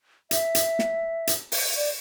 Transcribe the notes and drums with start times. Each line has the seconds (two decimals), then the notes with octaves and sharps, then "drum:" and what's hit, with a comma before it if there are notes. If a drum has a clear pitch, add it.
0.31 E5, drum: hi-hat
0.55 drum: hi-hat
0.79 drum: snare
1.27 drum: hi-hat
1.52 drum: open hi-hat
1.77 D5